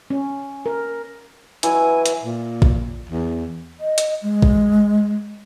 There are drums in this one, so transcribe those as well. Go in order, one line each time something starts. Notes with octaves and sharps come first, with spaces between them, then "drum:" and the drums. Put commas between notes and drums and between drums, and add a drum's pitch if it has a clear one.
C#4
A#4
E3 F#3 E4 G#5, drum: hi-hat
drum: hi-hat
A#2
drum: kick A1
E2
D#5
drum: hi-hat
G#3
drum: kick A1